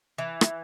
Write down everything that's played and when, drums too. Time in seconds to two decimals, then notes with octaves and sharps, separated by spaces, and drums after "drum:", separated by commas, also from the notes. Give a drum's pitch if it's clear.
0.18 E3
0.41 drum: rim click